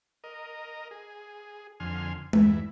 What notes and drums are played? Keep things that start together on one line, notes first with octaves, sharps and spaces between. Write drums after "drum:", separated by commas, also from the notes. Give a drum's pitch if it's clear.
A#4 D#5
G#4
F2 D3 G#5 C6 F6
E2 G2 E4, drum: tom G#3